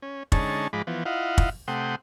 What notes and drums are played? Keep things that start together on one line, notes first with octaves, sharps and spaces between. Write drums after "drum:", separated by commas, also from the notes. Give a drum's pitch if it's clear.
C#4
D3 G#3 C#4 D#4 A5 C#6, drum: kick
G#2 F3 G#3 B5 D6
E3 F3 B3
E4 F4 D#5 F5 F#5
drum: kick
C3 A3 F#5 G5 C6 D#6